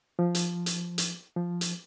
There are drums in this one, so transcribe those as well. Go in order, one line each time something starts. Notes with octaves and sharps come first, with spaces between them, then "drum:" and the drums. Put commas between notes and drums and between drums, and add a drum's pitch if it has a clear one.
F3
drum: hi-hat
drum: hi-hat
drum: hi-hat
F3
drum: hi-hat